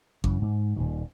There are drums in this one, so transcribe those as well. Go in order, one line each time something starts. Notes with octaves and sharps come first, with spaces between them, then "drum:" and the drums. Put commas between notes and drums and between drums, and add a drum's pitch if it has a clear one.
F#2 C#3 E3, drum: kick G#1
G#2
D#1 A#2 D#3